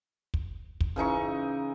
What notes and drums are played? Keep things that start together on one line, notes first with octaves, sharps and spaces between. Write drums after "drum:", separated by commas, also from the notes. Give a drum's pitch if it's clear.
drum: kick
drum: kick
C#3 E3 D#4 C#6